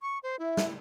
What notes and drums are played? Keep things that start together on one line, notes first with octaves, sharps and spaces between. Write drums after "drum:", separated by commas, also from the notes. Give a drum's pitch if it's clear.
C#6
C5
E4 E5
drum: snare